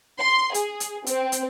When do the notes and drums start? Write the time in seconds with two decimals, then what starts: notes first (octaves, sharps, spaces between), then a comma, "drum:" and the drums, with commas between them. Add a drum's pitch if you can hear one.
0.20 C6
0.54 G#4, drum: hi-hat
0.80 drum: hi-hat
1.07 C4, drum: hi-hat
1.32 drum: hi-hat